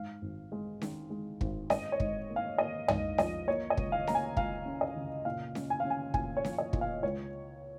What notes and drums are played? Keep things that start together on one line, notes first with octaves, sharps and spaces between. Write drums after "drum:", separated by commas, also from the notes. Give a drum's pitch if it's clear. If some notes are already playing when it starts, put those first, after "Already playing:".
Already playing: G#2 F5
G#1
G#3
D#3, drum: snare C#4
G#3
G#1, drum: kick
G#2 D#5, drum: snare C#4
C#5
G#2, drum: kick
A#3
F5
A#3 D#5
G#2 D#5, drum: tom
F3 D#5, drum: snare C#4
A#3 C#5
D#5
C#2, drum: kick
F5
A#3 A#5, drum: snare C#4
G#5
C#2 F5, drum: kick
C#4
D#5
C#3
A#2 F5
C#4, drum: snare C#4
G#5
C#4 F5
G#5
A#2 G#5, drum: kick
C#5
F3, drum: snare C#4
D#5
A#2, drum: kick
F5
C#2 C#5